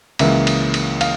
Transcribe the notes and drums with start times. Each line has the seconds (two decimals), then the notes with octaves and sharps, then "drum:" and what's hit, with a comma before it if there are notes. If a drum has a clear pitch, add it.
0.19 C#2 C#3 E3 A#3 E5, drum: cymbal
0.47 drum: cymbal
0.74 drum: cymbal
1.01 F5, drum: cymbal